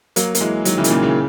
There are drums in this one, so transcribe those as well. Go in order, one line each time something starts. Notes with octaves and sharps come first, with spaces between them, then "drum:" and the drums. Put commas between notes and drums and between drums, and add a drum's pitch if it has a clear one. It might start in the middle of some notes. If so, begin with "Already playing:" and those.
F#3 A#3, drum: hi-hat
A#3, drum: hi-hat
E3 G#3
D#3 F#3, drum: hi-hat
C#3 E3
D#3, drum: hi-hat
A#2 C#3
C#3 E3